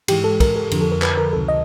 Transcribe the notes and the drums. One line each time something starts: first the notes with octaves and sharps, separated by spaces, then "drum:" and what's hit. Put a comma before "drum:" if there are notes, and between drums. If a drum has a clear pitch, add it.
G#2 E3 G#3 G4, drum: cymbal
A4
A#4, drum: kick, cymbal
A4
F2 D3 F3, drum: cymbal
A4
A#4
B4, drum: clap
A#4
C#2 C3 D#3 F#3 A4
D#5